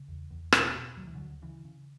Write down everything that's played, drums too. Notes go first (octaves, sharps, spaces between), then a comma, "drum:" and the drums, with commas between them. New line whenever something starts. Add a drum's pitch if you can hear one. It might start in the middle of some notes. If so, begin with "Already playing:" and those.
Already playing: C#3
E2
E2
B2, drum: rim click
B2
D2 F#3
E3
D2 D3 F#3
C#3 E3
C#3